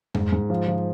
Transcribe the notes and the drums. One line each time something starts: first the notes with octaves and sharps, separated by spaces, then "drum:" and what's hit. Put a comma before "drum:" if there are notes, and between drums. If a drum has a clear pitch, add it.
G#2, drum: tom F2
G#2
F3
F3